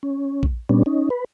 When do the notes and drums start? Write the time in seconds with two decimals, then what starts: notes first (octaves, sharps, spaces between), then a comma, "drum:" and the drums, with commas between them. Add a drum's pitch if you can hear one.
0.03 C#4
0.43 drum: kick A#1
0.69 A#2 G3 B3 C#4 D4
0.86 C#4 D#4
1.10 B4